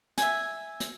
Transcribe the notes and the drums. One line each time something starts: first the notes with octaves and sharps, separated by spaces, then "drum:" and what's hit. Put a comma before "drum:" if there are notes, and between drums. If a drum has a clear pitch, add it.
E5 G#5, drum: hi-hat
drum: hi-hat